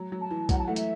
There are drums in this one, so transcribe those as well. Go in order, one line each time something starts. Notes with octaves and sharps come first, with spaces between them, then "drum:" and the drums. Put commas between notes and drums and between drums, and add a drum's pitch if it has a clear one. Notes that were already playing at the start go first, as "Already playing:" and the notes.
Already playing: F#3
F#3
A5
E3
F#3 F#5, drum: kick, hi-hat
A5
E3 A3 F#5
E5, drum: hi-hat